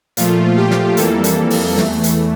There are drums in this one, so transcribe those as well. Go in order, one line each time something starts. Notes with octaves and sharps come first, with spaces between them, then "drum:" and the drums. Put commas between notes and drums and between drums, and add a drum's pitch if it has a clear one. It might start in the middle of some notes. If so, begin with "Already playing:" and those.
A#2 F3 A3 F4, drum: hi-hat
G4
drum: snare
F2 E3 G3 A#3 A4, drum: hi-hat
drum: hi-hat
drum: open hi-hat
E2 E3 A3, drum: snare
drum: hi-hat